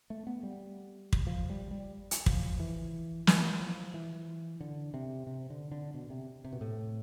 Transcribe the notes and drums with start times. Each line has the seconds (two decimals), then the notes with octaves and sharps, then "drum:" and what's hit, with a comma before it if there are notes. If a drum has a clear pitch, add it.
0.10 A3
0.27 B3
0.43 G3
1.13 drum: kick
1.27 F3
1.50 G3
1.71 G3
2.11 drum: hi-hat
2.26 F3, drum: kick
2.60 E3
3.27 E3, drum: snare
3.61 F3
3.94 E3
4.60 D3
4.94 C3
5.27 C3
5.50 D3
5.71 D3
5.94 B2
6.10 C3
6.44 C3
6.53 B2
6.61 A2